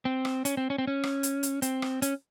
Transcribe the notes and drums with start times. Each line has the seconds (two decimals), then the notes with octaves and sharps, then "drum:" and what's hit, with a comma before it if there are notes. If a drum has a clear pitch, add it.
0.05 C4
0.25 drum: rim click
0.45 C#4, drum: hi-hat
0.57 C4
0.70 C#4
0.78 C4
0.87 C#4
1.03 drum: rim click
1.23 drum: hi-hat
1.43 drum: hi-hat
1.62 C4, drum: hi-hat
1.82 drum: rim click
2.02 C#4, drum: hi-hat